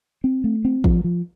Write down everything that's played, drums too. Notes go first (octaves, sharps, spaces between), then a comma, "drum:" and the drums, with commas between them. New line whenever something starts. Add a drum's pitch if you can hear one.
C4
A3
C4
F3, drum: kick
F3